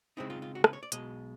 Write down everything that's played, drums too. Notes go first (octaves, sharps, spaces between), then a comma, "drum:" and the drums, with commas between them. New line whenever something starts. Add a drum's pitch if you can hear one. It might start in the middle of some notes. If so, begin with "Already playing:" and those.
C#3 E3 G#3 C4 D#4 E4
F4
F4
F#4
B4, drum: rim click
C#5
D5
B1 B2 G#3 D#5, drum: hi-hat